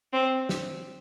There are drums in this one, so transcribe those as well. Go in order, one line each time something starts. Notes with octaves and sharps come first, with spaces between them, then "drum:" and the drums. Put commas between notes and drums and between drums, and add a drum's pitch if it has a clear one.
C4
drum: snare